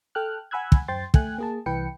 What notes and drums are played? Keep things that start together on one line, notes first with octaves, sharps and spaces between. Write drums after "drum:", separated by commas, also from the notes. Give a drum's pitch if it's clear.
A4 G5 F6 F#6
F#5 G#5 B5 E6 F#6 G#6
drum: kick
F#2 C5 G5 C6 A6
A3 G5 G#5 F#6, drum: kick
A#3 G#4 A5
C2 E3 B4 G5 C#7